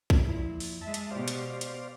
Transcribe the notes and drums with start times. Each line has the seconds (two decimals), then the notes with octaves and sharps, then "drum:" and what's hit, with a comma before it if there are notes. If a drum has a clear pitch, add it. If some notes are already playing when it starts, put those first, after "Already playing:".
0.10 drum: kick
0.22 F2 A#2 E4
0.60 drum: open hi-hat
0.81 G#3 E5 A5
0.94 drum: hi-hat
1.11 B2 G4 C5 D5 F5
1.28 drum: hi-hat
1.61 drum: hi-hat